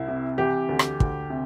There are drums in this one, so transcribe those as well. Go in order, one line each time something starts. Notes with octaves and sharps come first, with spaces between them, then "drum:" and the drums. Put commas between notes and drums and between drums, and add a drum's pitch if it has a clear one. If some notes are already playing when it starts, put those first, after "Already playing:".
Already playing: C2 E4
C3
E3 G4
D2
drum: rim click
D2, drum: kick
C3